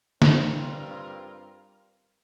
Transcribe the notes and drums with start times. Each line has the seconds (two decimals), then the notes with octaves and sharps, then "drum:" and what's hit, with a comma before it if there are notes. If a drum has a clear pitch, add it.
0.22 G2 G3 C4 F4 A#4, drum: snare